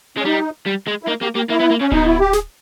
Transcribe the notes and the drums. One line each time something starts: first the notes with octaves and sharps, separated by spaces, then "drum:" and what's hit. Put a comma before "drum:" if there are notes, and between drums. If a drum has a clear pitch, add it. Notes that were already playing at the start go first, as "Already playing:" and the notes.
G#3 C#4
G3 D#4
G3
G#3
E4
A#3 D#4
A#3 G4
A#3 G4
A#3 E4
B3
A#3
C#3 C#4
B2 D#4, drum: kick D1
E4
G4
G#4, drum: snare